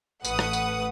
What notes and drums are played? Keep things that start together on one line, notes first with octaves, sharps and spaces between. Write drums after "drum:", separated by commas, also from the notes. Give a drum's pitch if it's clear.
A1 A3 B4 F#5 D#6, drum: tambourine
drum: rim click
drum: tambourine